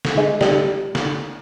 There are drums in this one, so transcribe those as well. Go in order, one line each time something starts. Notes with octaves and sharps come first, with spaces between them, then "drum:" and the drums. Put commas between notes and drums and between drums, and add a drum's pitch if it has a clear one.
drum: snare
G#3
G3, drum: snare
G3
drum: snare